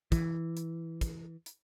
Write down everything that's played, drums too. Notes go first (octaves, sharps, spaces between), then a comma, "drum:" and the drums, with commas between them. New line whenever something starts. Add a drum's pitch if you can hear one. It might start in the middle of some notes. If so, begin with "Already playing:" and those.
E3, drum: kick, hi-hat
drum: hi-hat
drum: kick, hi-hat
drum: hi-hat